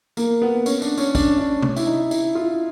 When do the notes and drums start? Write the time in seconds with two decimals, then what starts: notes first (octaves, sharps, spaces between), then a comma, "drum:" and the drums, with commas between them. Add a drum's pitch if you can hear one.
0.17 A#3, drum: tambourine
0.42 B3
0.66 C#4, drum: tambourine
0.82 D4, drum: tambourine
0.98 C#4, drum: tambourine
1.15 D4, drum: kick, tambourine
1.38 D4
1.62 drum: tom C3
1.76 E4, drum: tambourine
1.87 D#4
2.11 E4, drum: tambourine
2.35 F4